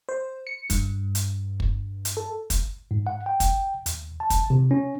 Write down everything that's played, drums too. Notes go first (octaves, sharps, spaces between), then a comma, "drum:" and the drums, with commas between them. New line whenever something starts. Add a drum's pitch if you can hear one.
C5
C#7
G2, drum: kick, hi-hat
drum: hi-hat
drum: kick
drum: hi-hat
A4
drum: kick, hi-hat
G#2
F#5
G5
drum: kick, hi-hat
D#2, drum: hi-hat
A5
drum: kick, hi-hat
C3
C#4